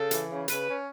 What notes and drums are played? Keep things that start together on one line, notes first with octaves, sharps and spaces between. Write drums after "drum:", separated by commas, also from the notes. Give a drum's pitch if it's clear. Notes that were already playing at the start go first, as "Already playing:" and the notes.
Already playing: C#3 A4
E3, drum: hi-hat
C#3
C#3 B4, drum: hi-hat
C#4